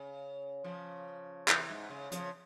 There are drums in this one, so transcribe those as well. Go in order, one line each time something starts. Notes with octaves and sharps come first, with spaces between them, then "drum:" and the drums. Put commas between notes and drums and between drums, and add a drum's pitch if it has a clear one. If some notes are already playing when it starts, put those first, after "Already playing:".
Already playing: C#3
C#3 F3
C3 E3, drum: clap
G#2
C#3
C#3 F3, drum: hi-hat